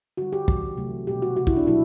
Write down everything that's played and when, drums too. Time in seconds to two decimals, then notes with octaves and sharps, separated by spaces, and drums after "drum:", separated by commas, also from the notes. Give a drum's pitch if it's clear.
0.17 D3 G3 F#4
0.33 G4
0.48 C3 E3 G3, drum: kick
0.77 C3 F#3 A3
1.07 B2 G3 G4
1.22 F#4
1.37 C3 G3 F#4
1.47 E4, drum: kick
1.57 D4
1.66 B2 F#3 E4